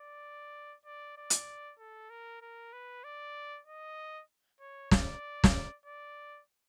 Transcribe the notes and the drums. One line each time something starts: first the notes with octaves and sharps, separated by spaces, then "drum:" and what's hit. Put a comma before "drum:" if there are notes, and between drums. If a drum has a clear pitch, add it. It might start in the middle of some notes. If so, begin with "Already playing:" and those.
Already playing: D5
D5
D5
drum: hi-hat
A4
A#4
A#4
B4
D5
D#5
C#5
D5, drum: snare
drum: snare
D5